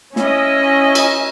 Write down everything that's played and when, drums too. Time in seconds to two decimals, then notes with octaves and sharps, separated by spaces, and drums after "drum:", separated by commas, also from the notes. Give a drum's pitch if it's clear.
0.16 C#4 E4 D#5, drum: snare
0.95 drum: cymbal